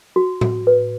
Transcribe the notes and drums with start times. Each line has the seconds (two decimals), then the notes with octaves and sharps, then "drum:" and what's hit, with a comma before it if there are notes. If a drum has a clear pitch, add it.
0.16 F#4
0.41 F#4, drum: tom A2
0.67 B4